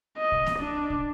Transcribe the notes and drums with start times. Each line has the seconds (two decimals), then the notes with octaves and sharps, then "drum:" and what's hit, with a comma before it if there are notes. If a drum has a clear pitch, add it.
0.17 D#5
0.32 drum: kick
0.46 drum: snare A#3
0.58 D4
0.90 drum: kick